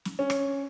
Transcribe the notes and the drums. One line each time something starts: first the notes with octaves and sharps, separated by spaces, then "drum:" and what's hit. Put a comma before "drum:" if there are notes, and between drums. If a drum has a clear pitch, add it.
drum: snare
C#4
drum: rim click